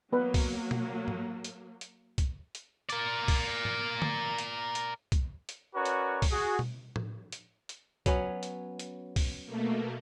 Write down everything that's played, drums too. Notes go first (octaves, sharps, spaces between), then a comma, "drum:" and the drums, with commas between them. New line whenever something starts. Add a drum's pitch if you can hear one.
F#3 A#3 B3 B4
drum: kick, open hi-hat
drum: tom B2
drum: tom
drum: hi-hat
drum: hi-hat
drum: kick, hi-hat
drum: hi-hat
A#4 D5, drum: hi-hat
drum: kick, open hi-hat
drum: tom
drum: tom
drum: hi-hat
drum: hi-hat
drum: kick, hi-hat
drum: hi-hat
C#4 F#4 A#4 B4 C#5 D5
drum: hi-hat
drum: kick, open hi-hat
F#4 G#4
drum: tom B2
drum: tom A2
drum: hi-hat
drum: hi-hat
F#3 B3 C#4, drum: kick, hi-hat
drum: hi-hat
drum: hi-hat
drum: kick, open hi-hat
B2 A3 A#3